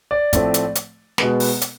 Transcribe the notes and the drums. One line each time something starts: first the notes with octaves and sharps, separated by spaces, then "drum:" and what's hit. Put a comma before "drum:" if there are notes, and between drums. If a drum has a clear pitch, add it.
D5
A2 F3 A3 C4, drum: kick, hi-hat
drum: hi-hat
drum: hi-hat
B2 G#3 B3, drum: snare
drum: open hi-hat
drum: hi-hat